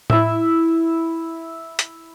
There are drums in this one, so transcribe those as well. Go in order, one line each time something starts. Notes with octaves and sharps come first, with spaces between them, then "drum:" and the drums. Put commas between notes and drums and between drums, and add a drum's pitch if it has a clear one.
E4 E5, drum: tom A2
drum: hi-hat